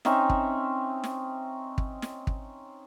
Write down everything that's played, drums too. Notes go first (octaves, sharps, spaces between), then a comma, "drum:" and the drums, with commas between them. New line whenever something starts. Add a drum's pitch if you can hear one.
C4 C#4 D#4 E5, drum: snare
drum: kick
drum: snare
drum: kick
drum: snare
drum: kick